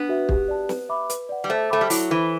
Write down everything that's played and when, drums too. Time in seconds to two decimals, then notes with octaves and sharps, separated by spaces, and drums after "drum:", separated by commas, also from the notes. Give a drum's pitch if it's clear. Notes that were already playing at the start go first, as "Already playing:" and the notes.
Already playing: B3 D4
0.09 F#4 B4 E5
0.29 G4, drum: kick
0.48 D5 A5
0.69 B4, drum: snare
0.89 E5 B5 D6
1.10 B4, drum: hi-hat
1.29 D5 F#5
1.44 G3
1.49 A3 C5
1.70 A3 G5 B5 D6
1.81 G3
1.90 F#3 E4, drum: open hi-hat
2.10 E3 A4 C5